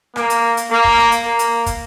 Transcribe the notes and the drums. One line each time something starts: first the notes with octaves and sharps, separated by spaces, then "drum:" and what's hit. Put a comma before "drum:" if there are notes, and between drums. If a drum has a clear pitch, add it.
A#3, drum: rim click
drum: hi-hat
drum: hi-hat
A#3
drum: kick
drum: rim click
drum: hi-hat
A#3
drum: hi-hat
drum: kick, hi-hat